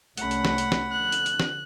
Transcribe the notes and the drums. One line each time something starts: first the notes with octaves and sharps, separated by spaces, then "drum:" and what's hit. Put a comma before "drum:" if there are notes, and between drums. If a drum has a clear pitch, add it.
C2 A3 C#4 F#5 B5, drum: hi-hat
drum: hi-hat
drum: snare
drum: hi-hat
drum: snare
D3 F3 F#6
drum: hi-hat
drum: hi-hat
drum: snare